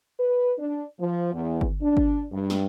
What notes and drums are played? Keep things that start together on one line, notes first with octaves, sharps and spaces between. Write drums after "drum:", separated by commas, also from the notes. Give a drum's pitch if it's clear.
B4
D4
F3
E2
drum: kick G1
D4
drum: kick G1
G2
drum: snare